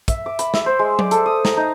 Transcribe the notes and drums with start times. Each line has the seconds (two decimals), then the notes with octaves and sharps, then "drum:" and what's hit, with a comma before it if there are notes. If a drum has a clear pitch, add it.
0.08 E5, drum: kick, hi-hat
0.26 D6
0.39 B5, drum: hi-hat
0.54 E5, drum: snare
0.66 C5
0.79 G#3
0.99 D5, drum: tom F#3
1.11 A4, drum: hi-hat
1.26 D#6
1.45 A#5, drum: snare
1.57 D#4